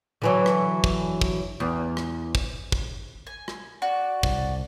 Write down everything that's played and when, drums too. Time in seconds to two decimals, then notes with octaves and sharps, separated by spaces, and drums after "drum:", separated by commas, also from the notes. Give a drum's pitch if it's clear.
0.22 D3 E3 F#3
0.46 drum: rim click
0.84 drum: kick
1.21 drum: kick
1.60 E2
1.97 drum: rim click
2.35 drum: kick
2.72 drum: kick
3.27 G#5
3.48 drum: rim click
3.82 F#4 D5
4.23 C2, drum: kick